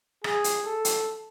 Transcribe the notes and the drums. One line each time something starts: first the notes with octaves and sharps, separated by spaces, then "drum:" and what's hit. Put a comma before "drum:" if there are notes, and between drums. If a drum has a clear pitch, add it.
G#4, drum: rim click
drum: hi-hat
A4
drum: hi-hat